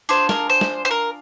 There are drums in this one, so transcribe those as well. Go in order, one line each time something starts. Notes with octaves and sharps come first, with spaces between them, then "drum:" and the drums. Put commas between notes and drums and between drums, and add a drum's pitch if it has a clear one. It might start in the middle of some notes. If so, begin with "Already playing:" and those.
D4 F4 G#4 C5, drum: hi-hat
A#4, drum: snare
C5
drum: snare
C5
A#4